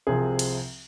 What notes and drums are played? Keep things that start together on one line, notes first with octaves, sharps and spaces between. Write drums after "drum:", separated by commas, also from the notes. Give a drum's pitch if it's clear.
C2 C3 F3 G#4
drum: cymbal